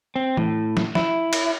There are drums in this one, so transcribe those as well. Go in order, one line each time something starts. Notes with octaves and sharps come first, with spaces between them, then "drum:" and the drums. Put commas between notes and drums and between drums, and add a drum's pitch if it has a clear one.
C4
A2, drum: tom E3
drum: snare
E4, drum: snare
drum: cymbal